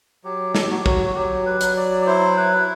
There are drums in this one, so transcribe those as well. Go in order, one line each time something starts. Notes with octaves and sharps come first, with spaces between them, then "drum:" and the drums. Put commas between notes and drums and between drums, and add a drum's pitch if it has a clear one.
F#3 G4
A4, drum: snare
G4
F#3 F#4
G4
F#4, drum: kick
F#4
F#3 G4
B4
F#3, drum: hi-hat
D5
D5
E4 C5
B4
E4